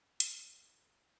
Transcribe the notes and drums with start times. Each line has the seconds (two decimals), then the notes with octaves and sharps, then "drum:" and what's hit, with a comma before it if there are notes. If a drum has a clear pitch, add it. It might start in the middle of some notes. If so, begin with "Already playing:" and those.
0.20 C#6, drum: hi-hat
0.56 A#5